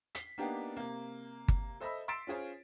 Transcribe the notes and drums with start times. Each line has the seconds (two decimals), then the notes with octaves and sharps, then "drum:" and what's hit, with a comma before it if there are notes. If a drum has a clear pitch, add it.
0.15 B6 C7, drum: hi-hat
0.38 A#3 B3 D4 D#4 G4 G5
0.76 C3 A#3
1.48 drum: kick G1
1.80 A4 C5 D#5 E5 B5 E6
2.08 C6 E6 A6 B6 D7 E7
2.27 C#4 F4 G#4 C5 C#5